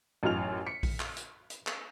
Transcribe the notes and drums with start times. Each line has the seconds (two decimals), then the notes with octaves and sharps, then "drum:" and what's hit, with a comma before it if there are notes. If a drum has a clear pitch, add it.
0.23 A1 F#2 D#4 F4 F6 F7
0.66 B6 C#7
0.83 drum: kick A#1, open hi-hat
1.00 drum: clap
1.17 drum: hi-hat
1.50 drum: hi-hat
1.67 drum: clap